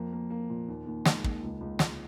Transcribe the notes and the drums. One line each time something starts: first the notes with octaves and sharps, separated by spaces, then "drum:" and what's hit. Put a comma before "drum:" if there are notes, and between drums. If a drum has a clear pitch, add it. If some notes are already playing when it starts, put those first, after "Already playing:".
Already playing: F2 A#3
A#3
A#3
A#2
D#2
D#2
G#3, drum: snare
D#2, drum: kick
C#2
C#2
C#2, drum: snare